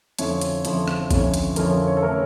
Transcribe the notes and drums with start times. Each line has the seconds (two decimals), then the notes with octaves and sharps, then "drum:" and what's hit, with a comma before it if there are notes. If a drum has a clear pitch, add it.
0.19 F2 D3 F3 C#4 E4 C#5, drum: hi-hat
0.41 drum: hi-hat
0.65 F2 D3 F3 C#4 E4, drum: hi-hat
0.88 drum: rim click
1.11 F2 D3 F3 C#4 E4, drum: kick, hi-hat
1.34 drum: hi-hat
1.56 F2 D3 F3 C#4 E4 A#4, drum: hi-hat
1.72 A#4
1.87 C#5
1.97 A4
2.03 E3 A3 C#4 A#4